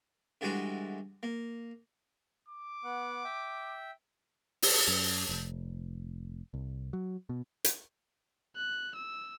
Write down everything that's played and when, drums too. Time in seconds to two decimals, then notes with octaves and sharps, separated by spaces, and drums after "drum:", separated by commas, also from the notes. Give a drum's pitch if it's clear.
0.41 D3 E3 G3 G#3 F#4 B4
1.23 A#3
2.48 D6
2.84 B3 F#5
3.24 E5 G5
4.62 drum: open hi-hat
4.88 F#2
5.29 F1
6.54 C2
6.93 F#3
7.29 B2
7.64 drum: hi-hat
8.56 F#6
8.95 E6